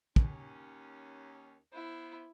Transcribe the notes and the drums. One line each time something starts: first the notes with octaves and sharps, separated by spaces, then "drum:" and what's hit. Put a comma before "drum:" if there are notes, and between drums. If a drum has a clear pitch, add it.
D#2 C#4, drum: kick
B3 E4 C5